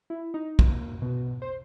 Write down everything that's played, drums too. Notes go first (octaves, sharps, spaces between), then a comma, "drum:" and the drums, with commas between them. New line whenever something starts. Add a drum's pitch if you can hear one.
E4
D#4
A#3, drum: kick
B2
C5